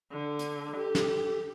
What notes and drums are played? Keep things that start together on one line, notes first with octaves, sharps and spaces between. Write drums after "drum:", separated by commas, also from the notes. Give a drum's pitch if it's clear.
D3
drum: hi-hat
G4 A4
drum: snare